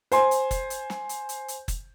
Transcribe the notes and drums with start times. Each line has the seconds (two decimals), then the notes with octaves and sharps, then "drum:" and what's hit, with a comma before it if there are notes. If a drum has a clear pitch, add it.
0.12 C5 G#5 C6, drum: hi-hat
0.31 drum: hi-hat
0.51 drum: kick, hi-hat
0.70 drum: hi-hat
0.90 drum: snare
1.09 drum: hi-hat
1.29 drum: hi-hat
1.48 drum: hi-hat
1.68 drum: kick, hi-hat